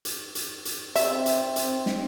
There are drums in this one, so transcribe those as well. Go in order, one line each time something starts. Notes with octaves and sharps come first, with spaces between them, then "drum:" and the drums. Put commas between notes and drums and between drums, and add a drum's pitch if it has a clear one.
drum: hi-hat
drum: hi-hat
drum: hi-hat
C4 E5, drum: hi-hat
drum: hi-hat
drum: hi-hat
drum: snare